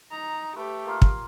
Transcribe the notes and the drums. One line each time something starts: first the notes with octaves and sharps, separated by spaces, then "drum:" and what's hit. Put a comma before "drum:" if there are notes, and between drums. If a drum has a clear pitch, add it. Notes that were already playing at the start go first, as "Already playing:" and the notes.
D#4 A#5
A3 G4 B4
A#3 F4 F5
drum: kick